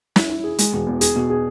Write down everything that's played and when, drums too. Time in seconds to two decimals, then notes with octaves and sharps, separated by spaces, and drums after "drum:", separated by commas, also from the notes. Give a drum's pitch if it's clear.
0.16 E4, drum: snare
0.30 E4
0.44 G#4
0.58 G#3, drum: hi-hat
0.73 E1
0.86 E2
1.01 G#4, drum: hi-hat
1.15 B2
1.30 G#4